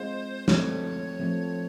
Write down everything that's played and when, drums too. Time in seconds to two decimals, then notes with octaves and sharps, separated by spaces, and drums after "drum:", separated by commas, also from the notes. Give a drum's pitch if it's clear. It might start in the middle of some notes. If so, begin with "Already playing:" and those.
Already playing: G#3 C4 F4 C5
0.48 F3 A3 C4 C#5, drum: snare
1.20 F3 A3 C4